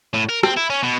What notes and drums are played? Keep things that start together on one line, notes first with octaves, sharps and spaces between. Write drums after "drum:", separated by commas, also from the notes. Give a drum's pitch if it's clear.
A2
A#4
C4, drum: rim click
E4
C#4
B2